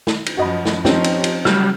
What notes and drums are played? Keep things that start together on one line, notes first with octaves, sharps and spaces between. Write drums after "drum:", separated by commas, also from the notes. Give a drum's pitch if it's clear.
drum: snare
drum: cymbal
F#2 F3 F#4 D#5 B5
drum: snare
F3 C4 C#4 D#4 G4, drum: snare
drum: cymbal
drum: cymbal
C#3 F#3 G3 F6, drum: snare